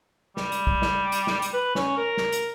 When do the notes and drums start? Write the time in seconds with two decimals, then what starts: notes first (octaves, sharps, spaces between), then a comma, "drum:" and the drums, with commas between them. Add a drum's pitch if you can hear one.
0.37 G3, drum: snare
0.52 drum: hi-hat
0.67 drum: kick
0.82 drum: snare
1.12 drum: hi-hat
1.27 drum: snare
1.42 drum: hi-hat
1.53 B4
1.75 C#4, drum: snare
1.97 A#4
2.17 drum: snare
2.32 drum: hi-hat